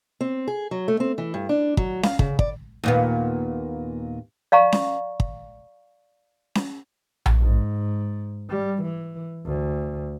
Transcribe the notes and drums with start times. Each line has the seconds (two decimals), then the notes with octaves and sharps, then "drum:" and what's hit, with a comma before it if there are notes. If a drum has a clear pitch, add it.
0.21 C4
0.48 G#4
0.71 F#3
0.88 A3
1.00 C4
1.18 E3
1.34 G2
1.49 D4
1.77 F#3, drum: kick
2.03 F5, drum: snare C#4
2.19 C#3, drum: kick
2.39 D5, drum: kick
2.84 D#2 A#2 B3
4.52 D5 F5 A#5 C#6
4.72 drum: snare C#4
5.20 drum: kick
6.55 drum: snare C#4
7.26 drum: tom A#1
7.41 G#2
8.49 G3
8.83 E3
9.46 D2